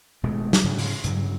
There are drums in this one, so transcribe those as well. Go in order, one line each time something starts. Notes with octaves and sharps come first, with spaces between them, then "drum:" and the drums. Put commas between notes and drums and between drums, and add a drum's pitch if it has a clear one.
D#1 B2 G#3 A3
drum: snare
G#2 C#3
drum: open hi-hat
G2 C#3 F#3, drum: hi-hat